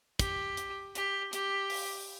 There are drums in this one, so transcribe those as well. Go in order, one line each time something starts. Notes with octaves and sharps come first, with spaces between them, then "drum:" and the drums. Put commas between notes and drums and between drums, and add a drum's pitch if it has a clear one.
G4, drum: kick, hi-hat
drum: hi-hat
G4, drum: hi-hat
G4, drum: hi-hat
drum: open hi-hat